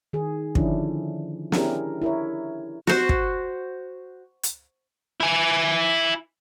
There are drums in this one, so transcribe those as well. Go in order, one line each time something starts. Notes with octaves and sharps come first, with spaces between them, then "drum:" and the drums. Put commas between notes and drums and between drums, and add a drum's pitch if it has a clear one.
D#3 G#4
D3 D#3 F3 C#4 D4 E4, drum: kick
C#4 D4 E4 G4 G#4 A#4, drum: snare
E4 A#4 C#5
F#4 C5, drum: snare
drum: kick
drum: hi-hat
E4 G#5